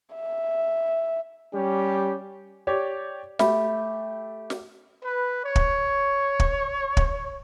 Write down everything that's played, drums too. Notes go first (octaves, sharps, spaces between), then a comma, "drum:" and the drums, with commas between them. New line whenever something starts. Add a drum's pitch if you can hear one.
E5
G3 C#4 G4
G4 C#5 D5
A3 G4 E5 B5, drum: snare
drum: snare
B4
C#5
drum: kick
drum: kick
drum: kick